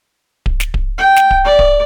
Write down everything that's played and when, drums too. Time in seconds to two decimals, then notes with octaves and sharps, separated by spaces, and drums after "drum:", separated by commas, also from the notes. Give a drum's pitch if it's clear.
0.46 drum: kick D1
0.60 drum: snare
0.74 drum: kick D1
0.98 G5
1.16 drum: snare
1.31 drum: kick D1
1.45 D5
1.59 drum: kick D1